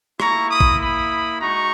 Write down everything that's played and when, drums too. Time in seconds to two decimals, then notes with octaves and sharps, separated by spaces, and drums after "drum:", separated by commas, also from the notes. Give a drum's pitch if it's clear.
0.20 A#3 E4 A#5 C#6, drum: rim click
0.50 B5 D#6
0.60 drum: kick A1
0.81 B5 D#6
1.41 G#3 D#4 F#4 A#5 C#6